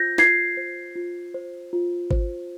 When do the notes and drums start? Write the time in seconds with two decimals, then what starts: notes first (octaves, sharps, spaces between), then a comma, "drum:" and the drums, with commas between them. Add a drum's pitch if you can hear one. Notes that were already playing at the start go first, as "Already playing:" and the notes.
Already playing: F4 C5 G6 A#6
0.18 F4 G#6 C7, drum: snare
0.57 C5
0.95 F4
1.34 C5
1.73 F4
2.11 C5, drum: kick G#1